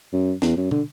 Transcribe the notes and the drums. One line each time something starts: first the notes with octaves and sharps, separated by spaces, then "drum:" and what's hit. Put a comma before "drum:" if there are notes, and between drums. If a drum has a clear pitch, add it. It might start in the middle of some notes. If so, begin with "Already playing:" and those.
F#2
E2, drum: snare
F#2
D3, drum: tom